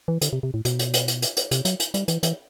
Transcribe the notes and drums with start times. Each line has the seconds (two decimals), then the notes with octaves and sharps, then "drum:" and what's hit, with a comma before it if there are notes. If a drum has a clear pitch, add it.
0.08 E3
0.21 D3, drum: hi-hat
0.33 C3
0.43 C3
0.54 A2
0.65 B2, drum: hi-hat
0.79 drum: hi-hat
0.94 drum: hi-hat
1.08 drum: hi-hat
1.22 drum: hi-hat
1.37 drum: hi-hat
1.51 C3, drum: hi-hat
1.65 F#3, drum: hi-hat
1.80 drum: hi-hat
1.94 G3, drum: hi-hat
2.08 E3, drum: hi-hat
2.23 E3, drum: hi-hat